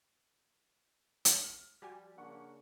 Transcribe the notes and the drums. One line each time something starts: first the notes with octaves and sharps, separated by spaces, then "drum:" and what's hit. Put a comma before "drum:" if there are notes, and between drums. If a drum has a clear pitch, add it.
drum: hi-hat
F6
F3 G3 F#4 G4 G#5
C#3 A#3 D4 F#5 C#6